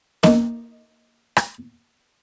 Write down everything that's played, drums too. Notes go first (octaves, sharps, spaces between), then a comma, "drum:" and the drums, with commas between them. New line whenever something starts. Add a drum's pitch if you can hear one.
A#3 D#4, drum: snare B3
drum: rim click